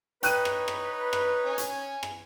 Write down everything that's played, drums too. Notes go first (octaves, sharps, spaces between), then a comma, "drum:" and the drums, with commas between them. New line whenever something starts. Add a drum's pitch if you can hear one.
D#4 B4 C#5 G5 F#6 D#7, drum: hi-hat
drum: rim click
drum: rim click
drum: rim click
C#4 G#5
drum: hi-hat
drum: rim click